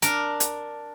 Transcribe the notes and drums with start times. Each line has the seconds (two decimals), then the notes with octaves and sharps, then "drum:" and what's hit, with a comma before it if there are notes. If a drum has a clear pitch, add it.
0.02 D4 A#4, drum: hi-hat
0.40 drum: hi-hat